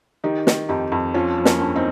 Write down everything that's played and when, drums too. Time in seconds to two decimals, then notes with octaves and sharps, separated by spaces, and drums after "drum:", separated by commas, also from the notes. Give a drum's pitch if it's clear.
0.24 D#3 D#4 G4
0.47 D#3, drum: snare
0.69 F2 D#4 G4
0.92 F2
1.14 F3 C#4 F4
1.38 F3
1.45 A#3 C#4, drum: snare
1.61 G2
1.76 C4 D#4